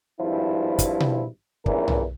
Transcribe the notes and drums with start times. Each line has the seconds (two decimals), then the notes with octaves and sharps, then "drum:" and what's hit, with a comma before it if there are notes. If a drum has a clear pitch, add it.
0.21 G#1 G2 F3 E4
0.79 drum: kick, hi-hat
1.00 drum: tom B2
1.66 A#1 E2 G2 E3 C#4 A#4, drum: kick
1.88 drum: tom B1